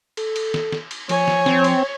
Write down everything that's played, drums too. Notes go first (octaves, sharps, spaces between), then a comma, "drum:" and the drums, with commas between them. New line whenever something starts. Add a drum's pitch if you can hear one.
A4, drum: cymbal
drum: cymbal
drum: snare
drum: snare
drum: cymbal
F3 C#5 G#5, drum: cymbal
drum: snare
C4, drum: snare
drum: cymbal